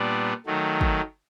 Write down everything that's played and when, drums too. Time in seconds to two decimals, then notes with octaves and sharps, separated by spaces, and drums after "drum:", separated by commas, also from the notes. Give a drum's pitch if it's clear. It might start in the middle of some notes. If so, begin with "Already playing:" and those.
Already playing: A#2 G3 B3 D4
0.46 D#3 F#3 A3
0.81 drum: kick